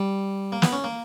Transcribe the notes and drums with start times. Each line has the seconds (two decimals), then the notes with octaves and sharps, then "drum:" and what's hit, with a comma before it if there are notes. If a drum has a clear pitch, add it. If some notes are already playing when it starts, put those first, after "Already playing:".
Already playing: G3
0.52 A#3
0.62 B3, drum: snare
0.72 C#4
0.84 A#3